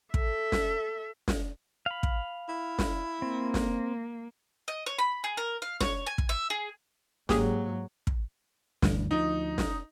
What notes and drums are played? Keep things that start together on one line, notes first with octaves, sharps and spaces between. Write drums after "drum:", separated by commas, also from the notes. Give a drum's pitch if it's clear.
A4 E5, drum: kick
drum: snare
drum: snare
F5 B5
drum: kick
E4
drum: snare
A#3 C4
drum: snare
D#5
C#5
B5
G#4
A#4
F5
C#5, drum: snare
G#5
drum: kick
E5
G#4
G#2 F#3 A#3 G4 G#4, drum: snare
drum: kick
D2 G2 E3, drum: snare
D2 F3 D#4
drum: snare